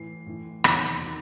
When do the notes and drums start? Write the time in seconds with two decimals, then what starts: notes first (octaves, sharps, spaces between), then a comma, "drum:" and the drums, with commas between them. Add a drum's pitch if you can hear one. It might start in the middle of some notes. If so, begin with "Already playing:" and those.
Already playing: A2 E3 C7
0.26 A2 E3
0.64 E2 C3 D#3 F#3 A6, drum: rim click
1.02 D#3 F#3